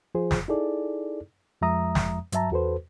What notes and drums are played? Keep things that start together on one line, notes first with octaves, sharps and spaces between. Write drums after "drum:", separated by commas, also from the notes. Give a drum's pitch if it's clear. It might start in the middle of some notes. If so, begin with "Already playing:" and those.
F3 F4 G#4 C5
drum: snare
D#4 E4 G#4 A4 D5
F2 F3 G#3 E5 A#5 D#6
drum: snare
G2 F#3 E5 A5 A#5, drum: hi-hat
E2 F#4 A4 B4 C5